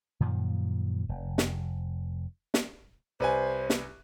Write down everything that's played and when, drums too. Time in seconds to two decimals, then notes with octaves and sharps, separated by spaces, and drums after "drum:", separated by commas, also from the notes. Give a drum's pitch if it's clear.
0.20 F#2 A#2 D#3 F3
1.09 F1
1.38 drum: snare
2.54 drum: snare
3.20 C2 B4 C5 G#5
3.70 drum: snare